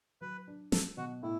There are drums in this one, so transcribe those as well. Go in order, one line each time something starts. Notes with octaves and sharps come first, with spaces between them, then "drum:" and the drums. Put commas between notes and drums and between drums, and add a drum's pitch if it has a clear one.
F#3 B4
D4
F#3 A4, drum: snare
B2 F#4
A2 E4